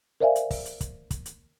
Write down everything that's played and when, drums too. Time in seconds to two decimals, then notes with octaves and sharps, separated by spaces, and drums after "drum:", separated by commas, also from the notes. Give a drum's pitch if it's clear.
0.20 A#4 C5 D5 E5 F5 G#5
0.36 drum: hi-hat
0.51 drum: kick, open hi-hat
0.66 drum: hi-hat
0.81 drum: kick, hi-hat
1.11 drum: kick, hi-hat
1.26 drum: hi-hat